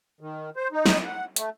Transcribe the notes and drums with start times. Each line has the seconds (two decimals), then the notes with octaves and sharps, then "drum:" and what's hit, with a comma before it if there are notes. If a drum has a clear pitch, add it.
0.21 D#3
0.56 C5
0.72 D#4
0.86 drum: snare
1.05 F#5
1.36 A3, drum: hi-hat